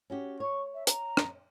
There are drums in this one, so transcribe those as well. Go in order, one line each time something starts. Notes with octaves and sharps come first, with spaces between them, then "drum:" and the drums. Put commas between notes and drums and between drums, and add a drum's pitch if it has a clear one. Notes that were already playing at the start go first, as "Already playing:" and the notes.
C#4 F#4 G4
C#5 C#6
E5
A#5, drum: hi-hat
drum: rim click